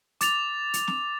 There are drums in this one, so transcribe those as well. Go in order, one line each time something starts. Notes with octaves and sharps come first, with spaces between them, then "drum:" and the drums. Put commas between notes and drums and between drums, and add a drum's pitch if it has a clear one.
D6 A6 F7, drum: hi-hat
drum: hi-hat
drum: snare